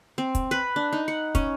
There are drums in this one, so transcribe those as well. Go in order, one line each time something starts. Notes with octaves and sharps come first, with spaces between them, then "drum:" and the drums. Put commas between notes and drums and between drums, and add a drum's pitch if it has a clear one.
C4
drum: kick, hi-hat
B4
D4
D#4
F#5
C#4, drum: kick, hi-hat